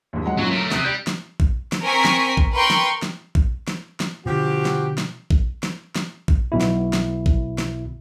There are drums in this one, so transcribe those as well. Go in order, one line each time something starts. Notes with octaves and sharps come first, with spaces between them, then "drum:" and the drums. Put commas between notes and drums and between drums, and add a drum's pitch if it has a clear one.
A#1 D#2
F#3 G#3 F#5
F#2 A#2 F#3
F#3 A3 A#4
C3 D#6 F#6, drum: snare
D5 G5 G6
drum: snare
drum: kick A1
drum: snare
C4 A#4 G#5 C#6 B6
drum: snare
drum: kick A1
A#4 B4 G5 C6 C#6
drum: snare
drum: snare
drum: kick A1
drum: snare
drum: snare
B2 D3 F3 F#4 G4
drum: snare
drum: snare
drum: kick A1
drum: snare
drum: snare
drum: kick A1
B1 B2 E4
drum: snare
drum: snare
drum: kick A1
drum: snare